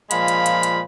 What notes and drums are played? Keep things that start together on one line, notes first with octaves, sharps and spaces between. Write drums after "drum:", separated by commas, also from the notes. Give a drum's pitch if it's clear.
A#2 F3 G#3 F5 B5, drum: hi-hat
drum: hi-hat
drum: hi-hat
drum: hi-hat